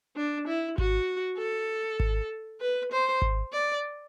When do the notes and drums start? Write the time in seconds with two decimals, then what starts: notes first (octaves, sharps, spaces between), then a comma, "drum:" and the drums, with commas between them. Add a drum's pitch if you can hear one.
0.16 D4
0.47 E4
0.78 F#4, drum: kick G#1
1.38 A4
2.00 drum: kick G#1
2.61 B4
2.92 C5
3.22 drum: kick G#1
3.53 D5